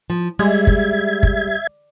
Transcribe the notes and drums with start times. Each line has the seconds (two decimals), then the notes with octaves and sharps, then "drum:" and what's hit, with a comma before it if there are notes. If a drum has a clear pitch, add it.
0.10 F3
0.39 G3 G#3 E5 G#6
0.67 drum: kick
1.23 drum: kick